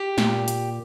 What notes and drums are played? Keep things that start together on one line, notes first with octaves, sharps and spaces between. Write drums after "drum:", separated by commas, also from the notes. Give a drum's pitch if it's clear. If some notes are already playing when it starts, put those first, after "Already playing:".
Already playing: G4
A#2, drum: snare
drum: hi-hat